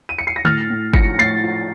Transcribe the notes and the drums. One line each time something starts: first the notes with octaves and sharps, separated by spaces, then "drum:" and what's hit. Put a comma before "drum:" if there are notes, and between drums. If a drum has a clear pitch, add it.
D#7
C#7
C7
A#6
A2 F6 A6, drum: tom D3
A2
F3 A#6 C#7, drum: kick
A2 A6 C7
F3